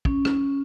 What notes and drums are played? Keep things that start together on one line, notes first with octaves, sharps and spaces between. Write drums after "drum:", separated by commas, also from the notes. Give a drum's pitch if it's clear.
C#4, drum: kick
drum: rim click